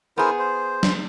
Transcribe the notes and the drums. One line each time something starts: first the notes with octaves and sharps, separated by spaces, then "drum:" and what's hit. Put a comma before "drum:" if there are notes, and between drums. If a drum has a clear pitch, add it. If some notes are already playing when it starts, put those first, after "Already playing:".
B3 E4 G#4 A#4 C5
C5
drum: snare